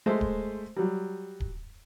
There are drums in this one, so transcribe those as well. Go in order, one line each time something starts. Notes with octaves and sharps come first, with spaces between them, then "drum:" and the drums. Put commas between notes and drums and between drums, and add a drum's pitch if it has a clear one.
G#3 A3 C5 E5
drum: kick D1
F#3 G3
drum: kick D1